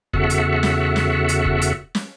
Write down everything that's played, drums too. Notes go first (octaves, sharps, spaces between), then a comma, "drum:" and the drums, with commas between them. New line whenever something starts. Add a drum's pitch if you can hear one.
E2 C#3 F#4 A4 E5 F#5, drum: kick
drum: hi-hat
drum: snare
drum: snare
drum: hi-hat
drum: kick
drum: hi-hat
drum: snare